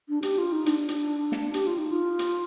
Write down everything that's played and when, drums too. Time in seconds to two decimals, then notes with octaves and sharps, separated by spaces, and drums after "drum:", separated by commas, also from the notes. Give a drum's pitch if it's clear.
0.09 D4
0.23 G4, drum: hi-hat
0.38 F4
0.52 D#4
0.66 D4, drum: hi-hat
0.88 drum: hi-hat
1.32 drum: snare
1.54 G4, drum: hi-hat
1.67 F4
1.78 D#4
1.91 F4
2.19 drum: hi-hat